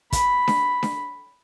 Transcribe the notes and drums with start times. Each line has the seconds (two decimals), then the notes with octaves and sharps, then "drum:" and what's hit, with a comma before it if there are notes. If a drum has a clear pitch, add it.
0.12 B5, drum: kick, hi-hat
0.48 drum: snare D4
0.83 drum: snare D4